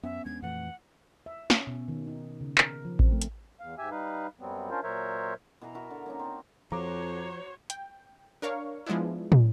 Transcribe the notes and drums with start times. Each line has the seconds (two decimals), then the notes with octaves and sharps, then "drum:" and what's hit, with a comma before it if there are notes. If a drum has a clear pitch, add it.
0.03 F#2 B3 C#4 E5
0.25 E2 G#3 D4 G#6
0.42 F2 A#2 E3 A3 F#5
1.26 E5
1.50 C#4, drum: snare
1.67 B2
1.88 D#3
2.08 D#4
2.41 C#3
2.58 A#4, drum: clap
2.85 F3
2.99 C4, drum: kick A1
3.12 A3
3.22 drum: hi-hat
3.60 E2 F5
3.78 G#2 G4 E5 G#5 E6
3.91 G3 D#4 B4 F5
4.40 F#2 F#3 G3 B3 C4
4.71 C#4 D4 F4 A#4 C5
4.83 A#2 F#3 A#4 C5 C#5 E5
5.61 B2 E3 B4 A#5
5.75 F#4 A#4 E5
5.90 D3
6.06 A#3 C#4 D#4
6.19 C4 D4
6.72 F2 F3 F#4 C5 C#5 A#5 D6
7.70 G5, drum: hi-hat
8.42 D4 A#4 C#5 F5 C#6
8.86 F3 G#3 B3 D4 E4
9.32 drum: tom